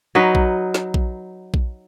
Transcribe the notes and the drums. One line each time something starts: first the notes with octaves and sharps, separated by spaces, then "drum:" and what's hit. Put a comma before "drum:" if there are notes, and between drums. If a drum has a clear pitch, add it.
F#3 D#4 B4
drum: kick A#1
drum: snare
drum: kick A#1
drum: kick A#1